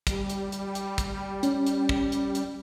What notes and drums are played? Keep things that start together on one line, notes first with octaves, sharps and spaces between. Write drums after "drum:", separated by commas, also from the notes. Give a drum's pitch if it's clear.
G3, drum: kick, hi-hat
drum: hi-hat
drum: hi-hat
drum: hi-hat
drum: kick, hi-hat
C#4, drum: hi-hat
drum: hi-hat
drum: kick
drum: hi-hat
drum: hi-hat